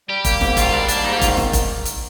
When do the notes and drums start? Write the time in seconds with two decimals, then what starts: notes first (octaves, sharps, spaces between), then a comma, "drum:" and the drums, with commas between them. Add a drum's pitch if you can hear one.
0.08 G3 G4
0.25 A#3, drum: kick F1, hi-hat
0.41 G#2, drum: snare
0.57 D#3 F4, drum: kick F1, hi-hat
0.73 G3 D4
0.88 A#3 D4, drum: hi-hat
1.05 G#2 D#4
1.13 G4
1.17 F4
1.21 D#3, drum: kick F1, hi-hat
1.37 drum: snare
1.53 drum: kick F1, hi-hat
1.85 drum: hi-hat